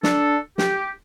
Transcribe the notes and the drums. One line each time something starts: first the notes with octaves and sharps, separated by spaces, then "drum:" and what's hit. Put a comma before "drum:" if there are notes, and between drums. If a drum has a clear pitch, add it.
D4 A4, drum: snare
G4, drum: snare